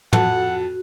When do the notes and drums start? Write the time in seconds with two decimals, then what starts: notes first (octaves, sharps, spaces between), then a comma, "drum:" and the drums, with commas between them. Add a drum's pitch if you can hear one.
0.13 F2 F#4 A4 F#5, drum: tom